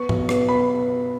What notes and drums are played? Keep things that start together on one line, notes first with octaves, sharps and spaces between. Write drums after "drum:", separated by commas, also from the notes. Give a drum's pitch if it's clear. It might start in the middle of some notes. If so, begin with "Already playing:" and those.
Already playing: B3 C#6
B1, drum: tom
B3, drum: rim click
B3 B5